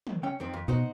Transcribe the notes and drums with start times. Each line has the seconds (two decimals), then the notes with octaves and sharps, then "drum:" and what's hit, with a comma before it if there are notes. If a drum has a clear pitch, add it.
0.07 drum: tom
0.23 C#4 G5
0.40 F2 D#3 C4
0.54 F2
0.68 B2 D#4 F#4 C5